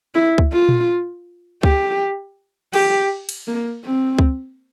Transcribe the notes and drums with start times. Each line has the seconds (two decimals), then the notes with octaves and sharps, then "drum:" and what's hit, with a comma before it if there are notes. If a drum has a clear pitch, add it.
0.15 E4
0.38 drum: kick C#2
0.53 F4
0.69 drum: tom A#2
1.63 G4, drum: kick C#2
2.73 G4, drum: cymbal
3.29 drum: cymbal
3.48 A#3
3.85 C4
4.19 drum: kick C#2